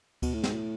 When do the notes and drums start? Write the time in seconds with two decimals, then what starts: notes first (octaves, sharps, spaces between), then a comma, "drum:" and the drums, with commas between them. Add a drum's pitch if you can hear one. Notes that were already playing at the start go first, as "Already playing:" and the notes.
0.22 B2, drum: kick D2, cymbal
0.33 A2
0.44 G#2, drum: snare
0.54 A2